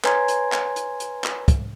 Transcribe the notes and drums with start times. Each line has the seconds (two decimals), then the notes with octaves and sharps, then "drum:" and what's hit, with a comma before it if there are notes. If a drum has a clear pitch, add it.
0.04 B4 C#5 G#5 A#5 C6 G#6, drum: clap
0.28 drum: hi-hat
0.52 drum: clap
0.76 drum: hi-hat
1.00 drum: hi-hat
1.24 drum: clap
1.48 drum: kick, hi-hat